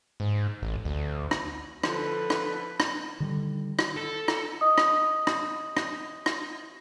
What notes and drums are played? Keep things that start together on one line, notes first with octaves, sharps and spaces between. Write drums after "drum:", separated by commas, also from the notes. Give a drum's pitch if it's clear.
G#2
A1
D2
drum: rim click
D3 F3 A4 B4, drum: rim click
drum: rim click
drum: rim click
D3 D#3 G3
drum: rim click
A4
drum: rim click
D#5 D#6
drum: rim click
drum: rim click
drum: rim click
drum: rim click